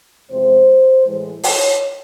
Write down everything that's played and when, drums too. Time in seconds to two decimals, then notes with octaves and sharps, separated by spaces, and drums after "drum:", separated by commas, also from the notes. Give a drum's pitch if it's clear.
0.30 E2 C3 F3 G#3 C5
1.05 A2 E3 G#3
1.44 C#5, drum: open hi-hat